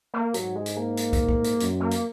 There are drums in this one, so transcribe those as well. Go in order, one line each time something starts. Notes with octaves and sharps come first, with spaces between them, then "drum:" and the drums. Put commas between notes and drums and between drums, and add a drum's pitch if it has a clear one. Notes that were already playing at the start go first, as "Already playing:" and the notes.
A#3
G#2 F#3, drum: hi-hat
G#3
drum: hi-hat
A#3
drum: hi-hat
drum: kick, hi-hat
drum: kick
drum: hi-hat
F#2, drum: hi-hat
A#3
drum: hi-hat